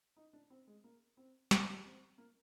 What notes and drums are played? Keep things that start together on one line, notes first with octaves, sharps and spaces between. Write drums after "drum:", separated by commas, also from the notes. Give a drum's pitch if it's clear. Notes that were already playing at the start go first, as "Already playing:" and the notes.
D#4
D4
C4
G#3
A#3
C4
D4, drum: snare
C4
A#3